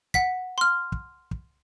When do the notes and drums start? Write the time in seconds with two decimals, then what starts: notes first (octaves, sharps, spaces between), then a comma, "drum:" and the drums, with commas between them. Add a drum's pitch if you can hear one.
0.14 F#5 B6, drum: kick
0.58 C6 F6
0.92 drum: kick
1.31 drum: kick